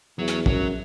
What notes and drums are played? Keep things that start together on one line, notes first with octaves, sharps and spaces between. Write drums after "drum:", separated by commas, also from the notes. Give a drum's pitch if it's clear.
E2 F#3
drum: hi-hat
F#2 F#3, drum: kick